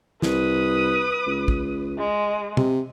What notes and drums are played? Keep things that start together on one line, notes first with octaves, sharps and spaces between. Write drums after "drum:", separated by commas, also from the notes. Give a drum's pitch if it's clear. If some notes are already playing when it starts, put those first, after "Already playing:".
C2 B4 D#6, drum: snare
C#2
drum: kick
G#3
C3, drum: tom